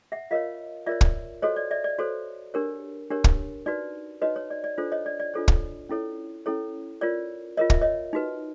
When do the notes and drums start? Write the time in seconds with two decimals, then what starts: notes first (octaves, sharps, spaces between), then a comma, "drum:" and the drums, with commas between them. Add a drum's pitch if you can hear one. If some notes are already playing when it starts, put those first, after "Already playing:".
0.12 E5 F#5
0.31 F4 A#4 C#5 D#5 F5
0.86 F4 A#4 C#5 D5 E5
1.01 drum: kick
1.42 F#4 A4 C5 C#5 D#5
1.56 D5
1.71 D5 E5
1.84 D5
1.99 F#4 A4 C5 C#5
2.54 D4 G4 A#4 C#5
3.10 D4 G4 A#4 C#5
3.24 drum: kick
3.66 D#4 F#4 B4 D5
4.22 D#4 F#4 B4 C#5 D#5
4.36 C#5
4.50 D5
4.64 D5
4.78 D4 F4 A4 C5
4.92 C#5 D#5
5.06 D5
5.20 D5
5.34 D4 F4 A4 C5 C#5
5.48 drum: kick
5.89 C#4 E4 A4 C#5
6.46 C#4 E4 A4 C#5
7.01 F4 A#4 C#5 D5
7.57 F4 A#4 C#5 D#5
7.70 E5, drum: kick
7.81 C#5 D#5
8.13 D#4 F#4 B4